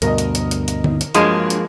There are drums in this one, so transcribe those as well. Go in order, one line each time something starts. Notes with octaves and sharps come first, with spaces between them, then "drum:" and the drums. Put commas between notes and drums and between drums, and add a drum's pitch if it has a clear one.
D2 G2 B2 A#4 D#5, drum: hi-hat
drum: hi-hat
drum: hi-hat
drum: hi-hat
drum: hi-hat
drum: tom D3
drum: hi-hat
G2 F3 F#3 G#3 A#3 G#4, drum: hi-hat
drum: hi-hat